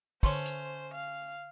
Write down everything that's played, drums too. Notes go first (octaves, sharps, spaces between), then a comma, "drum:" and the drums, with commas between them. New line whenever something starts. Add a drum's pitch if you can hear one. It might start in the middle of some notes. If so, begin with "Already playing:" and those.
D3 A3 C#4 C5 C6, drum: kick
drum: hi-hat
F5